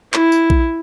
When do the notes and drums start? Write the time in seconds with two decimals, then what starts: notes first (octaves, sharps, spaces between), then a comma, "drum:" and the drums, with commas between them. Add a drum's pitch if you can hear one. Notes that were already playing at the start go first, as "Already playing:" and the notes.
0.14 E4, drum: clap
0.32 drum: tambourine
0.50 drum: kick A#1